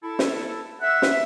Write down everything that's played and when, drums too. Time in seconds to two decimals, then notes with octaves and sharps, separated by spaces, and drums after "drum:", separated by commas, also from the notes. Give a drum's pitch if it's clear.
0.02 E4 A4
0.19 drum: snare
0.81 E5 F#5
1.02 drum: snare